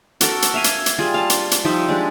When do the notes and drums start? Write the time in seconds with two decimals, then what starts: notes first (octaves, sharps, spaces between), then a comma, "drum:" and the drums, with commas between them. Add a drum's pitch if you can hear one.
0.21 F#4 A4 A#4, drum: hi-hat
0.42 drum: hi-hat
0.54 E5 F5 G#5
0.64 drum: hi-hat
0.86 drum: hi-hat
0.98 G3 F4 G#4
1.14 F5 A5
1.30 drum: hi-hat
1.51 drum: hi-hat
1.65 F3 G3 D#4 E5
1.88 G#3 D4 G4